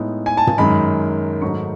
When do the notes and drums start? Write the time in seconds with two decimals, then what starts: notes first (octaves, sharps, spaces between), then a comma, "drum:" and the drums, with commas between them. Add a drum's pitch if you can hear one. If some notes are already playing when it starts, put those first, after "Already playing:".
Already playing: A2 G#3 B3 D#4
0.26 G#5
0.37 A5
0.47 drum: tom
0.58 F#2 D#3 G#3 B5
1.41 G#2 D#3 F#3 A3 D#4 C#6